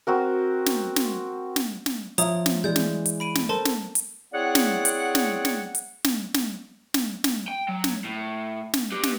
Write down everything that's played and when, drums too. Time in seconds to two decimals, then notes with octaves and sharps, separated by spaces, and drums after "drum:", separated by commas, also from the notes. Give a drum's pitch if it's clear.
0.07 C4 F#4 A#4
0.66 drum: snare
0.96 drum: snare
1.56 drum: snare
1.86 drum: snare
2.18 F3 C#5 E5 A#5 D#6, drum: hi-hat
2.46 drum: snare
2.64 E3 G#3 D5 G6
2.76 drum: snare
3.06 drum: hi-hat
3.20 B5 D7 D#7
3.35 drum: snare
3.49 A4 A#4 C5 A5 C6
3.65 drum: snare
3.95 drum: hi-hat
4.33 C4 E4 G#4 C#5 D5 F#5
4.55 drum: snare
4.85 drum: hi-hat
5.15 drum: snare
5.45 drum: snare
5.75 drum: hi-hat
6.04 drum: snare
6.34 drum: snare
6.94 drum: snare
7.24 drum: snare
7.48 G5
7.69 F#3
7.84 drum: snare
8.05 A2
8.74 drum: snare
8.92 G4 B4
9.03 drum: snare